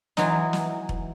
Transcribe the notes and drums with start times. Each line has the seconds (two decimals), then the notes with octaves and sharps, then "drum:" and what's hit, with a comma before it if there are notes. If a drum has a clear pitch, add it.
0.17 E3 F#3 G#3 D#4, drum: snare
0.53 drum: snare
0.89 drum: kick E1